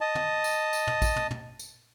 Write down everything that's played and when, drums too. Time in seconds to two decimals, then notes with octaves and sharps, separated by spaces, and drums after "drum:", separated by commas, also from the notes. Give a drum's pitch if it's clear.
0.01 D#5 A5
0.15 drum: tom
0.44 drum: tambourine
0.73 drum: tambourine
0.87 drum: tom
1.02 drum: kick, tambourine
1.16 drum: tom
1.31 drum: tom
1.59 drum: tambourine